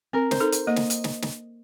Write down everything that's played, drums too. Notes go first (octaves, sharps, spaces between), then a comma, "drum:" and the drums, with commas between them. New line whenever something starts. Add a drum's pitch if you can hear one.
C4 A#4
C5, drum: snare
D#4 A4
drum: hi-hat
A#3 D#5
drum: snare
drum: hi-hat
drum: snare
drum: snare